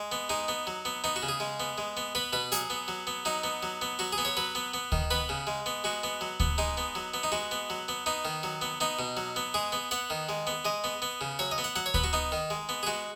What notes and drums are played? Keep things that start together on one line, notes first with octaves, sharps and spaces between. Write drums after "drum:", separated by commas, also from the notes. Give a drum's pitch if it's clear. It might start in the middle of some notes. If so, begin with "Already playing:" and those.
Already playing: G#3
B3
G#3 D#4
B3
F#3
B3
B3 D#4
F#4
C#3
G#4
G#3
B3
G#3
B3
B3 B4
B2 B4
F#3 G#4, drum: hi-hat
B3
F#3
B3
F#3 D#4
B3
F#3
B3
F#3 F#4
G#4
B3
C#5
F#3 B4
B3
B3
D#3, drum: kick D2
B3 B4
C#3
G#3
B3
G#3 F#4
B3
F#3
B3, drum: kick D2
G#3 D#4
B3
F#3
B3
D#4
G#3 F#4
B3
F#3
B3
B3 D#4
D#3
F#3
B3
B3 D#4
B2
F#3
B3
G#3 G#4
B3
B3 F#5
D#3
G#3
B3
G#3 D#5
B3
B3
C#3
F#3 C#5
D#5
B3
F#5
F#3 F#5
C#5
B3 B4, drum: kick D2
F#4
B3 D#4
D#3
G#3
B3
G#4
G#3 F#4